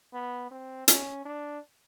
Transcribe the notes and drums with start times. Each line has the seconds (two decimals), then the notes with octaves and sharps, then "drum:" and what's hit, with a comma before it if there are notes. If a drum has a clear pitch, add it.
0.13 B3
0.51 C4
0.88 C#4, drum: hi-hat
1.25 D4